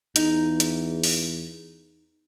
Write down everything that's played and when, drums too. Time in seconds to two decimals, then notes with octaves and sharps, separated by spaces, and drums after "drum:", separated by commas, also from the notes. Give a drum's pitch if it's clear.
0.16 E2 D#4, drum: hi-hat
0.60 drum: hi-hat
1.03 drum: open hi-hat